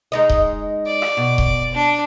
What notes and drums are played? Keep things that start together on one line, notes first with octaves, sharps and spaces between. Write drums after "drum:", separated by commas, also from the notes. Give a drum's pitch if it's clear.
G#3 D#4 D#5
drum: kick D#1
D5
drum: rim click
B2
drum: kick D#1
D4